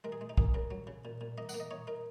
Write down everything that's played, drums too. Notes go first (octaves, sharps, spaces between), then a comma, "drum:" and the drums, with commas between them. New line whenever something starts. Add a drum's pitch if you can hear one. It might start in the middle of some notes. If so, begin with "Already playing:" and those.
G#3 A#4
G#4
G#3
D#4
A#3 G#4, drum: kick
C#3 A#4
F#3
C#3
A#2
A#2
A#3 D#5
F#5, drum: tambourine
A#3
D#5
D#4 C#5
D#4 A#4